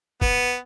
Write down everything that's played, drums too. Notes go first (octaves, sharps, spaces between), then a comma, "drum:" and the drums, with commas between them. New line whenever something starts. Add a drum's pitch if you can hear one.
B3, drum: kick